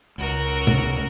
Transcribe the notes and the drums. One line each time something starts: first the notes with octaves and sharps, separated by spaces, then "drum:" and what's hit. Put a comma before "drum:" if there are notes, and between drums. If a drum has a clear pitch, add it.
C#2 F#4 A#4
drum: tom C3